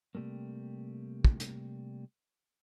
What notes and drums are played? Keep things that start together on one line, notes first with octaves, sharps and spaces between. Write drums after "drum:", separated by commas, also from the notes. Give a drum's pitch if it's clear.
C3 G3 A3 A#3
drum: kick
drum: hi-hat